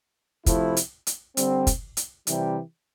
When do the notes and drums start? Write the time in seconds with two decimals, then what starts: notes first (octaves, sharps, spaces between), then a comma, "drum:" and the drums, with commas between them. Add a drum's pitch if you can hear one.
0.46 C3 F3 A3 E4, drum: kick, hi-hat
0.77 drum: hi-hat
1.07 drum: hi-hat
1.37 D3 G3 C4, drum: hi-hat
1.67 drum: kick, hi-hat
1.97 drum: hi-hat
2.27 C3 E3 G3 C4 G4, drum: hi-hat